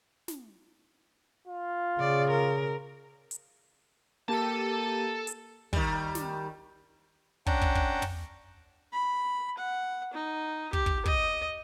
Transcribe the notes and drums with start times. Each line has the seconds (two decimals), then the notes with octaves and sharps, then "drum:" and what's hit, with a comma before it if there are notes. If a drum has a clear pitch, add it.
0.28 drum: snare
1.47 F4
2.00 C#3 D5
2.31 A#4
3.31 drum: hi-hat
4.28 A#3 G4 A4 A5 D#7
5.27 drum: hi-hat
5.73 D#3 G3, drum: kick
6.15 drum: snare
7.46 C#4 D4 F#5 G5 A5 A#5, drum: kick
7.62 drum: kick
7.75 drum: kick
8.02 drum: tom
8.92 B5
9.58 F#5
10.13 D#4
10.73 G4, drum: kick
10.86 drum: kick
11.06 D#5, drum: kick